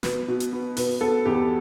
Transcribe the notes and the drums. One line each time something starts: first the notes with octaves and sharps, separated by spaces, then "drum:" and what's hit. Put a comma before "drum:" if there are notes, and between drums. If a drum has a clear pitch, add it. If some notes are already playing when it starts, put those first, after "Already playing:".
B2 B4, drum: snare
B2
drum: hi-hat
B3
B2 B4, drum: open hi-hat
B3 A4
E2 G4